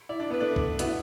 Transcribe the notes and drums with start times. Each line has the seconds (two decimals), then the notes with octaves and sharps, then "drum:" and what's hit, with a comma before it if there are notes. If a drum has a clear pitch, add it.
0.09 E4 D5
0.20 D4
0.30 B3 B4
0.40 A3 D4
0.56 drum: kick
0.79 B3 E4 F#4, drum: hi-hat